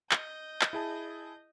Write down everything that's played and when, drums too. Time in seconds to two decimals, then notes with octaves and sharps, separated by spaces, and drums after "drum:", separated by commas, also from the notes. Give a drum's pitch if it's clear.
0.11 D#5 G6, drum: clap
0.61 drum: clap
0.73 E4 G#4 A5